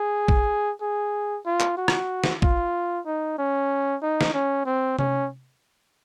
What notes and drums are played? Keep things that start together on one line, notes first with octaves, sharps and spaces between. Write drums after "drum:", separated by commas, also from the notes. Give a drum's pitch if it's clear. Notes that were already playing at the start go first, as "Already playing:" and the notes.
Already playing: G#4
drum: kick
G#4
F4
drum: clap
F#4
drum: rim click
drum: snare
F4, drum: kick
D#4
C#4
D#4
drum: snare
C#4
C4
C#4, drum: tom C3